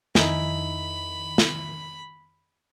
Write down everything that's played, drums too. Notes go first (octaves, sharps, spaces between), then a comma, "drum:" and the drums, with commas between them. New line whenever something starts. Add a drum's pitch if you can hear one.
F2 D#3 D#4 E4 G#5 B5, drum: snare
drum: snare